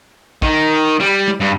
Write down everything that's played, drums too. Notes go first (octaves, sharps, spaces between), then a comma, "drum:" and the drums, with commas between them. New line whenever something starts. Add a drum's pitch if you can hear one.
D#3, drum: kick
G3
drum: tom G#3
G2